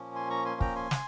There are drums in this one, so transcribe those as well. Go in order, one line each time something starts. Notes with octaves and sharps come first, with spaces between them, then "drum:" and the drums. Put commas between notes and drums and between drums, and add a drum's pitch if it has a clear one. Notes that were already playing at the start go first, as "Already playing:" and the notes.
Already playing: A#2 F3 A#3 C#4
G#5 C6
A#5 C#6
G#5 C6
G5 A#5, drum: kick
G#5 C6
drum: snare